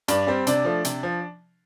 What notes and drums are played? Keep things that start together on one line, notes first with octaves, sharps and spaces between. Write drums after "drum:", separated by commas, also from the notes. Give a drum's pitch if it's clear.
G2 D4, drum: hi-hat
G3 C4
C3 D4, drum: hi-hat
F3 A3
C3, drum: hi-hat
F3